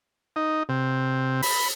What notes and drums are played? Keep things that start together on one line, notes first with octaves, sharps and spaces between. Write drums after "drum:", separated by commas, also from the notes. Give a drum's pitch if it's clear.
D#4
C3
B5, drum: open hi-hat